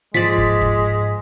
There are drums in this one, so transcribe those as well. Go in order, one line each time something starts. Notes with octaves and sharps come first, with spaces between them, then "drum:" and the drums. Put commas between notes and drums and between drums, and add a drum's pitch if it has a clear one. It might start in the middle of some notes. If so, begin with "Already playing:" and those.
G#2 F3 G#3 D5 B6
drum: kick
drum: kick